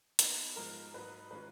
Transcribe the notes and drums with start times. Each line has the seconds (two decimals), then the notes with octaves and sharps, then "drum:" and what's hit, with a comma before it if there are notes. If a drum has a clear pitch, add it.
0.19 B2 A#3 D#4 B4, drum: hi-hat
0.56 G#2 F3 G#3 A#4
0.94 G#2 F#3 A#3 D#4 B4
1.31 D#3 G#3 C#4 F4 B4